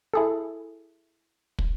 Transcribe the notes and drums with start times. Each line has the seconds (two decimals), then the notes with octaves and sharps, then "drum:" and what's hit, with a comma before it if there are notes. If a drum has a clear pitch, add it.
0.13 E4 G#4 A4
1.59 drum: kick